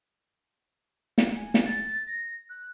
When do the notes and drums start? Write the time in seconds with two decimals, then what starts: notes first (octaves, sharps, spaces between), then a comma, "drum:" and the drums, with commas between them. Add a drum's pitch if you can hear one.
1.18 drum: snare
1.36 G#5
1.54 drum: snare
1.65 A6
2.07 A#6
2.50 F#6